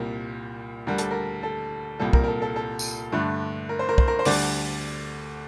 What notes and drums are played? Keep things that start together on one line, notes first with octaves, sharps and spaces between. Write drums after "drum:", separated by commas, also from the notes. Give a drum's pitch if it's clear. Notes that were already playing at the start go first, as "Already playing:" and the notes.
Already playing: C2 A#2 G3 A#4
D2 D3 G3 A#4
A4, drum: hi-hat
A#4
A4
C2 A#2 G3 A4
A#4, drum: kick
A#4
A4
A4
A4
drum: tambourine
G2 D3 A3
A#4
C5
A#4
C5, drum: kick
A#4
C5
D2 D3 G3 D5, drum: open hi-hat